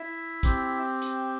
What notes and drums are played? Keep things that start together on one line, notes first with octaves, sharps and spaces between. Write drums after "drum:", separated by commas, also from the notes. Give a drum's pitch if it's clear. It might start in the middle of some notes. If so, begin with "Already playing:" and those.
Already playing: E4 E5
C4 G4, drum: kick, hi-hat
drum: hi-hat